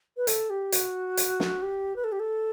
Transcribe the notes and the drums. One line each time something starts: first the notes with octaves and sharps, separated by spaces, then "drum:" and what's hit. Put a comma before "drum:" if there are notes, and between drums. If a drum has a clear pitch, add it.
B4
A4, drum: hi-hat
G4
F#4, drum: hi-hat
drum: hi-hat
drum: snare
G4
B4
A4
G4
A4